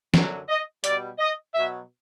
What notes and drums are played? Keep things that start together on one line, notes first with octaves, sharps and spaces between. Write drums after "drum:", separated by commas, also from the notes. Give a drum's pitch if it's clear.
F#2 D3 F#3, drum: snare
D#5
B2 G3 D5, drum: hi-hat
D#5
B2 F#3 E5